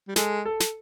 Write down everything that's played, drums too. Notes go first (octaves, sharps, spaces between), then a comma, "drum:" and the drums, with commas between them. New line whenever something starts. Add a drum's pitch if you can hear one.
G3
G#3 A4, drum: snare
A4
drum: snare